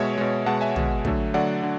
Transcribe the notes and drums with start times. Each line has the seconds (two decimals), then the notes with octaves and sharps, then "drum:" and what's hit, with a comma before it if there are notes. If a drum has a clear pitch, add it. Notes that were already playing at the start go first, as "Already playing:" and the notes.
Already playing: B2 G#3 C#5 E5
0.18 B2 G#3
0.46 B2 G#3 F#5 A5
0.61 E5 G#5
0.76 B2 G#3, drum: tom
1.05 D3 F#3 A3, drum: kick
1.34 D3 F#3 A3 D5 F#5
1.63 D3